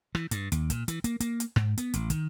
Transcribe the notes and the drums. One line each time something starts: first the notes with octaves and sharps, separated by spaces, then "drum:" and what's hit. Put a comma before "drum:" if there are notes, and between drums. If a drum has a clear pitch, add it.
E3, drum: rim click
G2, drum: hi-hat
D#2, drum: hi-hat
A#2, drum: kick, hi-hat
E3, drum: hi-hat
A#3, drum: hi-hat
A#3, drum: hi-hat
drum: hi-hat
G#2, drum: rim click
B3, drum: hi-hat
A1, drum: hi-hat
D#3, drum: kick, hi-hat